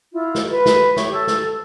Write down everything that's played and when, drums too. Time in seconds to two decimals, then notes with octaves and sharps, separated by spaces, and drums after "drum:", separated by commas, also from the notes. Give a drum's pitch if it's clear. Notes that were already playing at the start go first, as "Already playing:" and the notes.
0.13 E4 F4
0.35 drum: snare
0.50 F4 B4
0.66 drum: snare
0.96 G4 C#5 E5 C#6, drum: snare
1.13 A4
1.27 drum: snare